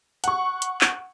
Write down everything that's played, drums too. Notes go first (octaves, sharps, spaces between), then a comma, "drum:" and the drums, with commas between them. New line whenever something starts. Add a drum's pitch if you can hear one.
F#5 C#6, drum: hi-hat
drum: hi-hat
drum: clap